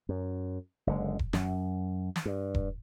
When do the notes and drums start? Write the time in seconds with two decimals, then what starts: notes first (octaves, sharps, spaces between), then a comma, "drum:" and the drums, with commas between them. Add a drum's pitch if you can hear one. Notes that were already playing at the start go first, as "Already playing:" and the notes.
0.09 F#2
0.87 F#1 D3 G#3
1.19 drum: kick E1
1.33 F#2, drum: snare
2.16 drum: snare
2.25 G2
2.55 drum: kick E1